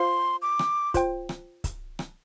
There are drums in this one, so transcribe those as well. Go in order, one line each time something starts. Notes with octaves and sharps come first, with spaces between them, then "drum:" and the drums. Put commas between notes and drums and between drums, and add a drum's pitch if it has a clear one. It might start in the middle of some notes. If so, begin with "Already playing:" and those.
Already playing: F4 C5 F5 C6
D6
drum: rim click
F4 C5 G5, drum: kick C#1, hi-hat
drum: rim click
drum: kick C#1, hi-hat
drum: rim click